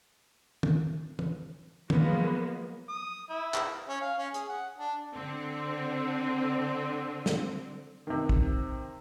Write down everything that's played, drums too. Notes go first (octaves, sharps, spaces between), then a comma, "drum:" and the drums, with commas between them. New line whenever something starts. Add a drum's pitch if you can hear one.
drum: tom
drum: tom
F3 F#3 G#3 A#3 B3, drum: tom
D#6
E4
drum: clap
C#4
F5
C#4
G#4, drum: hi-hat
F#5
D4
D3 C4
drum: snare
C3 D#3
drum: kick